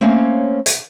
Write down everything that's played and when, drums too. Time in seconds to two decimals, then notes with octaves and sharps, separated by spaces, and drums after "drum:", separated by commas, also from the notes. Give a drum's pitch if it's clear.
0.01 A3 A#3 C4 C#4 C#5 F5
0.66 drum: hi-hat